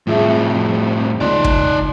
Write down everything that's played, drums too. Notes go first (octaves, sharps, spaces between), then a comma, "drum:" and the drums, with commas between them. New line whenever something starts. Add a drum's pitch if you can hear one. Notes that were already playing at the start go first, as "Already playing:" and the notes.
F2 A2 F3 G#4 E5
C#2 D#4 D5 C6
drum: kick